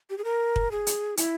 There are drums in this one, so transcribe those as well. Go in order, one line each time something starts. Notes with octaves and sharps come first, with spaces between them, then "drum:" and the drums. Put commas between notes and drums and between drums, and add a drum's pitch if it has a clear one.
G4
G#4
A#4
drum: kick
G#4
drum: hi-hat
E4, drum: hi-hat